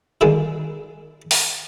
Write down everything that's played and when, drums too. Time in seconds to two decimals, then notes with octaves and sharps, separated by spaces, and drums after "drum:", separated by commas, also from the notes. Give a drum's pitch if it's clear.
0.21 B2 D3 D#3 G#3 A#3
1.31 drum: open hi-hat